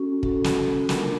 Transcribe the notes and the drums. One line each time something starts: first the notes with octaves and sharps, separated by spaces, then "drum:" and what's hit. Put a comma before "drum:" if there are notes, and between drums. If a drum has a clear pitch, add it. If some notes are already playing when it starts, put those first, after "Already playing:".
Already playing: C#4 F#4 A4
C#4 F#4 A4, drum: kick
drum: snare
G3 A#3 D4 F4 A#4, drum: snare